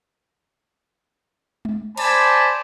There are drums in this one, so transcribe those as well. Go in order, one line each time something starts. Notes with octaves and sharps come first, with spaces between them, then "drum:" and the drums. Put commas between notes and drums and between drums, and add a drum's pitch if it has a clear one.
drum: tom G#3
C5 D5 G#5 A5 B5, drum: cymbal